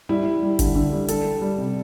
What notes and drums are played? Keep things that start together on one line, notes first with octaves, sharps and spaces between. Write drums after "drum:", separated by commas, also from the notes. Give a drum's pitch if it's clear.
G3 E4
G3
G3
D3, drum: kick, hi-hat
D3
G3
G3 A4, drum: hi-hat
G3
G3
C3